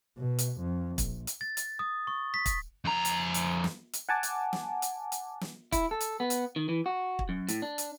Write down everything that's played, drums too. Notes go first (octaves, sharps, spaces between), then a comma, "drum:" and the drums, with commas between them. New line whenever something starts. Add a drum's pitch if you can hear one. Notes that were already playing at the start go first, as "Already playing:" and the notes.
B2
drum: hi-hat
F2
A#1, drum: kick, hi-hat
drum: hi-hat
A6
drum: hi-hat
D#6
C#6
B6
drum: kick, hi-hat
F2 A#5
drum: hi-hat
drum: hi-hat
drum: snare
drum: hi-hat
F#5 G#5 A5 D6
drum: hi-hat
drum: snare
drum: hi-hat
drum: hi-hat
drum: snare
E4, drum: kick, hi-hat
A4
drum: hi-hat
B3
drum: hi-hat
D#3
E3
F#4
drum: kick
F#2
A2, drum: hi-hat
D4
drum: hi-hat